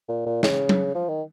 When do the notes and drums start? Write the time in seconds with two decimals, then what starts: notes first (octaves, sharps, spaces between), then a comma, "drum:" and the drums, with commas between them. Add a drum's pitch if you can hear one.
0.09 A#2
0.26 A#2
0.43 C#3, drum: snare
0.69 drum: tom F#3
0.95 F3
1.08 D#3